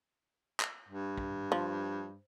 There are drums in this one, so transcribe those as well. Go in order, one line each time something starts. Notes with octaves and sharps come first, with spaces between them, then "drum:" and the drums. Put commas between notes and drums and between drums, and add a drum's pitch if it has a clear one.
drum: clap
G2
drum: kick A#1
F3